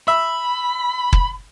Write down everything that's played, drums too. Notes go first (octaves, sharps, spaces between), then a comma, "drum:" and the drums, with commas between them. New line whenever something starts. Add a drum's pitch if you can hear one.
E5 B5
drum: kick